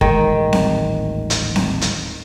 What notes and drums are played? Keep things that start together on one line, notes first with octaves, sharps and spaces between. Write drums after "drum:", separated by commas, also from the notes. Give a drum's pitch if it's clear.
D#1 A1 D#3 G#3, drum: kick
drum: snare C4
drum: hi-hat
drum: snare C4
drum: hi-hat